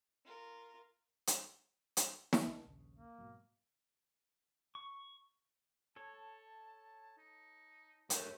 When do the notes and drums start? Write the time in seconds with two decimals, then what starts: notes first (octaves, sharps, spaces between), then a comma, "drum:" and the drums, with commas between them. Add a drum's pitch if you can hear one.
0.25 F4 A#4
1.27 drum: hi-hat
1.97 drum: hi-hat
2.33 drum: snare
2.46 C2 D3 C#4
2.65 A#1 D#2 C#3
2.95 A#3
3.19 G#2 B2 F#3
4.75 C#6
5.96 A4 C#5 A5
7.17 D#4
8.10 A3 G4 A#4 C#5, drum: hi-hat